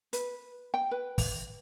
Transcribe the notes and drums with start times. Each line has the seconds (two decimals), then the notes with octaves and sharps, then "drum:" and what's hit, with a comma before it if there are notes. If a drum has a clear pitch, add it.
0.13 B4, drum: hi-hat
0.74 G5
0.91 B4
1.18 drum: kick, open hi-hat